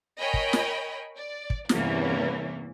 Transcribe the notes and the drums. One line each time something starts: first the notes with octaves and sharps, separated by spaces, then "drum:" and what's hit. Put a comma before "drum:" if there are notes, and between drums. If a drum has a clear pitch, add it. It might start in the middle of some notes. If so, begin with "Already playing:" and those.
A#4 C#5 D#5 G5 G#5 B5
drum: kick
drum: snare
D5
drum: kick
E2 G2 C3 E3 A#3 C#4, drum: snare